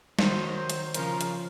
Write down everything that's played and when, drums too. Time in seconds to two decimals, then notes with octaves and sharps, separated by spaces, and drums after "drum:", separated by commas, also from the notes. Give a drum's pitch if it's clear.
0.19 D#3 F#3 C5, drum: snare
0.56 C5
0.70 drum: hi-hat
0.94 C#3 F3 A#4, drum: hi-hat
1.21 drum: hi-hat